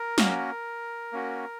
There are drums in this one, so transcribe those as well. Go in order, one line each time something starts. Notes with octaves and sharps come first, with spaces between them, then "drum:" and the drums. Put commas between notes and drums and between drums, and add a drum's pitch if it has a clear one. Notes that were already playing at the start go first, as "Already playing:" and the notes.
Already playing: A#4
A#3 C#4 F#4, drum: snare
A#3 C#4 F#4